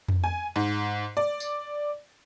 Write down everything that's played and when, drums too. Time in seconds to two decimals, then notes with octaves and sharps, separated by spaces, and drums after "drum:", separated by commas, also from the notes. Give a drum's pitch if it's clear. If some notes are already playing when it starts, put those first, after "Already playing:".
0.08 drum: tom F2
0.24 G#5
0.56 G#2
1.17 D5
1.40 drum: tambourine